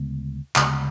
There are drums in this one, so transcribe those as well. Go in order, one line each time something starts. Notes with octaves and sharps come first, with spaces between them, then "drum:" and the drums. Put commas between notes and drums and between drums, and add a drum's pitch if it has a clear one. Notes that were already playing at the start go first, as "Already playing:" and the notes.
Already playing: D2 C#3 G#3 B3
D2 C#3 G#3 B3, drum: clap